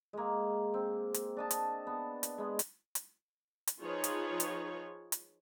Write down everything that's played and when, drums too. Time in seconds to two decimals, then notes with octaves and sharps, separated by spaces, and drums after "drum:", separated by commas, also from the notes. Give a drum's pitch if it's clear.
0.13 G#3 A#3
0.74 C4
1.14 drum: hi-hat
1.37 D4 D#5 A5
1.51 drum: hi-hat
1.87 B3
2.23 drum: hi-hat
2.38 G#3 B3
2.59 drum: hi-hat
2.95 drum: hi-hat
3.67 drum: hi-hat
3.82 F3 D#4 F4 G#4 B4 C#5
4.04 drum: hi-hat
4.40 drum: hi-hat
5.12 drum: hi-hat